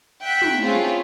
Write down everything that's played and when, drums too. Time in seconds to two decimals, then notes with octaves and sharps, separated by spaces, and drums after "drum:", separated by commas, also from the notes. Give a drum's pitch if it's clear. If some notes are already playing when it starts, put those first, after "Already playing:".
0.22 E5 F#5 G5 F#6 B6
0.42 drum: tom
0.62 A3 C4 C#4 E4 F4 G#4